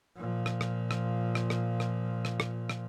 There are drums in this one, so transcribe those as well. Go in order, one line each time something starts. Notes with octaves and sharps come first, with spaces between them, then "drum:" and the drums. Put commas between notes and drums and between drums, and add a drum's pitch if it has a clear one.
A#2 F3
drum: rim click
drum: rim click
drum: rim click
drum: rim click
drum: rim click
drum: rim click
drum: rim click
drum: rim click
drum: rim click